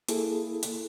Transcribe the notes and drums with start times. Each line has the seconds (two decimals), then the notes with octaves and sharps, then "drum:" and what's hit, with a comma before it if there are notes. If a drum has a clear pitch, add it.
0.09 A#3 E4 G#4 A4, drum: hi-hat
0.63 drum: hi-hat